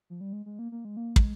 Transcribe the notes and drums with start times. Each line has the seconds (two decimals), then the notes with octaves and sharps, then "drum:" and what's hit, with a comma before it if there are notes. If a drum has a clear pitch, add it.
0.10 F3
0.21 G3
0.33 G#3
0.46 G#3
0.59 A#3
0.72 A#3
0.85 G#3
0.97 A#3
1.16 G#3, drum: kick